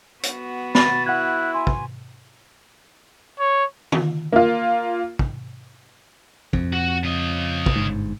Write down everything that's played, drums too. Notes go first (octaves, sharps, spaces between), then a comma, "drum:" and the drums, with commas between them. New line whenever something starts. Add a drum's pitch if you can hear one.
B3 F#4, drum: hi-hat
B5 A6, drum: snare B3
E4 F#5 F#6 G#6
G#5 C6
drum: kick
C#5
drum: tom
A#3 F4
drum: kick
F2, drum: kick
F#4
C#3 D#5
drum: kick
G1 G#2